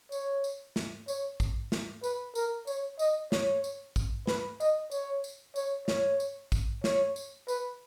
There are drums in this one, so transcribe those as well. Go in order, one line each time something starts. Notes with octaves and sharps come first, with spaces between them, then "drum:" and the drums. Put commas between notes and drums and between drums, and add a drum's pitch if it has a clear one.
C#5, drum: tambourine
drum: tambourine
drum: snare
C#5, drum: tambourine
drum: kick, tambourine
drum: snare
B4, drum: tambourine
A#4, drum: tambourine
C#5, drum: tambourine
D#5, drum: tambourine
C#5, drum: snare
drum: tambourine
drum: kick, tambourine
B4, drum: snare
D#5, drum: tambourine
C#5, drum: tambourine
drum: tambourine
C#5, drum: tambourine
C#5, drum: snare
drum: tambourine
drum: kick, tambourine
C#5, drum: snare
drum: tambourine
B4, drum: tambourine